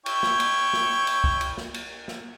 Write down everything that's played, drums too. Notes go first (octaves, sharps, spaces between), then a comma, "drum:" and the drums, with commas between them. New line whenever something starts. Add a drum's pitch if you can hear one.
E4 C#5 G5, drum: cymbal
drum: snare
drum: cymbal
drum: snare
drum: cymbal
drum: kick
drum: cymbal
drum: snare
drum: cymbal
drum: snare